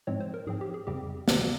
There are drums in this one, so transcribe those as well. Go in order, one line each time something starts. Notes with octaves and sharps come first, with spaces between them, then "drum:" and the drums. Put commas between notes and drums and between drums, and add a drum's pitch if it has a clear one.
G#2 F3 G#3 C4 C#5
C5
A#4
G#2 F3 C4 G#4
G4
G#4
F2 C#3 G3 C4 G4
C3 D#3 G3, drum: snare